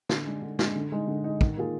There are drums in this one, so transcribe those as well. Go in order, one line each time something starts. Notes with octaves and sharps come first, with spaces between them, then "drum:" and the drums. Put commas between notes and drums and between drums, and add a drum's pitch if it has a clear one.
D3, drum: snare
G#3 D4
D3
G#3 D4, drum: snare
D3
G#3 D#4
D3
G#3 D#4
D#3, drum: kick
A#3 F4 G#4